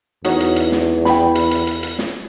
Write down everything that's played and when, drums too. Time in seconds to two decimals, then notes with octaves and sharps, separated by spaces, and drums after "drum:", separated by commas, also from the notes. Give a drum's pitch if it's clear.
0.24 E2 D#4 F#4 C#5, drum: hi-hat
0.40 drum: hi-hat
0.56 drum: hi-hat
0.72 drum: snare
1.05 G5 B5, drum: snare
1.35 drum: hi-hat
1.51 drum: hi-hat
1.67 drum: hi-hat
1.83 drum: hi-hat
1.99 drum: snare